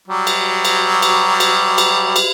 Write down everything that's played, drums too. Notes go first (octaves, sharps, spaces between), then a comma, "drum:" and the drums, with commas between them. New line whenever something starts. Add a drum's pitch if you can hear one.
F#3 G3
drum: cymbal
drum: cymbal
drum: cymbal
drum: cymbal
drum: cymbal
drum: cymbal